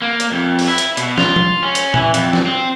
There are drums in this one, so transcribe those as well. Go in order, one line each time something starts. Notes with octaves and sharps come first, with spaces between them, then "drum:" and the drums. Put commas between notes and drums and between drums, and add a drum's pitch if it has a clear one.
A#3
drum: hi-hat
F2
drum: open hi-hat
E4
drum: hi-hat
B2, drum: hi-hat
F4, drum: snare
drum: tom
C#4
drum: hi-hat
E3, drum: tom A#2
F2, drum: hi-hat
drum: snare
C4